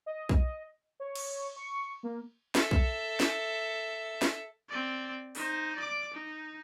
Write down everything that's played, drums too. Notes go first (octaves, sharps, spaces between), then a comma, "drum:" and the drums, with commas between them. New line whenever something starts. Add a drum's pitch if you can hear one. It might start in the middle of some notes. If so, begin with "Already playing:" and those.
D#5
drum: kick B1
C#5
drum: cymbal
C#6
A#3
A4 E5, drum: snare
drum: kick B1
drum: snare
drum: snare
C4 D5
D#4 C5, drum: open hi-hat
D5 D6
D#4